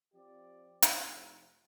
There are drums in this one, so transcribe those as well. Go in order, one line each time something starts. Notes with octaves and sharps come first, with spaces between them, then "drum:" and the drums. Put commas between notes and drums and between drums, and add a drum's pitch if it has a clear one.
F3 C4 G4 D5
F2 C3 F3 A3 D#4, drum: hi-hat